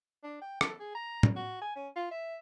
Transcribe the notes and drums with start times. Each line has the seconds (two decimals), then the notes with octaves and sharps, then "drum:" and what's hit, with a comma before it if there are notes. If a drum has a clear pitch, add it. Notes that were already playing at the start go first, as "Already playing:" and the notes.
0.24 D4
0.42 G5
0.61 A4, drum: rim click
0.80 G#4
0.95 A#5
1.23 drum: tom
1.36 F#4
1.62 G#5
1.76 C#4
1.96 F4
2.11 E5